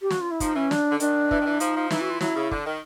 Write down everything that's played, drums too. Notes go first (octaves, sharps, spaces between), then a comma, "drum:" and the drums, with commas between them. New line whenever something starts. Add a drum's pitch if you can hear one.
G4
F#4, drum: snare
F4
E4
F3 D#4, drum: kick, hi-hat
E3 C#4
D4, drum: snare
D3
D#3 D4, drum: hi-hat
E3, drum: kick
D#3
E3
F3 D#4, drum: hi-hat
F3
E3 D#4, drum: snare
F#4
F4
F#3 E4, drum: snare
C#3
D3, drum: kick
D#3